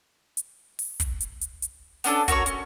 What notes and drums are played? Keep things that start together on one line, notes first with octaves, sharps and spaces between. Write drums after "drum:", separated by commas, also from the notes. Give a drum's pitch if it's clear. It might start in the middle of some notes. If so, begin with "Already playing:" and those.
drum: hi-hat
drum: open hi-hat
drum: kick, hi-hat
drum: hi-hat
drum: hi-hat
drum: hi-hat
B3 C#4 D4 A4, drum: open hi-hat
F#4 A#4 C#5 C#6, drum: kick, hi-hat
C#4, drum: hi-hat